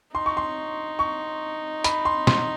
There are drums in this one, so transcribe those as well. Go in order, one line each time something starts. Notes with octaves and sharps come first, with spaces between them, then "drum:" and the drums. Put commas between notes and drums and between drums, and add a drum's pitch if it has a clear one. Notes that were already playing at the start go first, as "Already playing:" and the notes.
D#4 C6
C#6
C6
C#6
B5, drum: hi-hat
C6
C6, drum: snare